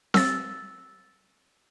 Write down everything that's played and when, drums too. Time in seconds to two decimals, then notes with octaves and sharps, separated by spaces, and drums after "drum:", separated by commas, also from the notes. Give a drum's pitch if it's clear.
0.14 E6 A6, drum: snare C4